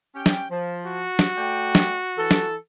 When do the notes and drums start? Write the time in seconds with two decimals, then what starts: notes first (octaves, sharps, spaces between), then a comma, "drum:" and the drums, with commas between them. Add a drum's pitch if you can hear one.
0.15 C#4 G4 G5
0.26 drum: snare
0.50 F3
0.86 F#4
1.19 drum: snare
1.38 A3 D5 G5
1.75 drum: snare
2.18 E3 A4
2.31 drum: snare